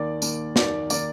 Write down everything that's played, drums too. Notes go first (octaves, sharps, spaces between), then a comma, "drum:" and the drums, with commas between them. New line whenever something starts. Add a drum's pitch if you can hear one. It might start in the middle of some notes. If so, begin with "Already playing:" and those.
Already playing: D#2 D#3 A#3 D5
D#2 D#3 A#3, drum: tambourine
D#2 D#3 A#3 D5, drum: snare
D#3 A#3 D5, drum: tambourine